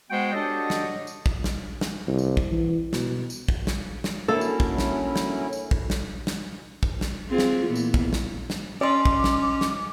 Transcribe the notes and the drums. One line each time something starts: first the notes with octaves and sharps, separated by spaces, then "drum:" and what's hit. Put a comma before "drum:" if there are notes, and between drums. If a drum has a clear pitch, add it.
G#3 B3 F#4 C5 F#5 G5
D4 F#4 G4 A4 C#5 D#5
drum: snare
drum: tambourine
drum: kick
drum: snare
drum: snare
C2
drum: tambourine
drum: kick
E3
B2, drum: snare
drum: tambourine
drum: kick
drum: snare
drum: snare
F#3 A#3 C#4 D4 E4 A4 E5
drum: tambourine
drum: kick
drum: snare
drum: snare
drum: tambourine
drum: kick
drum: snare
drum: snare
drum: kick
drum: snare
C4 F4 G#4
drum: snare
A#2 E3 B3
drum: tambourine
drum: kick
drum: snare
drum: snare
C#4 D5 D#5 C6 D6
drum: kick
drum: snare
drum: snare